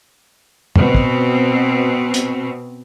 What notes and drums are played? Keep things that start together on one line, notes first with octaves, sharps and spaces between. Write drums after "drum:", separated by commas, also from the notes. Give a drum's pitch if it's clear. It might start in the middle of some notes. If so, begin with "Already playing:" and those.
B2 C4, drum: tom F2
drum: kick
drum: hi-hat